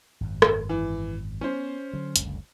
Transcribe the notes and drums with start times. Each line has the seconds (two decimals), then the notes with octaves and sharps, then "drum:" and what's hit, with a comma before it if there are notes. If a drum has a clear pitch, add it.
0.21 G#1 F#2
0.42 drum: rim click
0.69 E3
1.41 B3 C#4 C5
1.93 D3 F#3
2.16 F#1 C#2 D3, drum: hi-hat